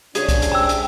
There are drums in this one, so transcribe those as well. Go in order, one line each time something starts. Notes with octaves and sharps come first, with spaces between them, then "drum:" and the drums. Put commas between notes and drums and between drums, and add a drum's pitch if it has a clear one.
C3 C#4 D4 G#4 C#5, drum: hi-hat
drum: kick, hi-hat
drum: hi-hat
G5 A#5 E6
drum: hi-hat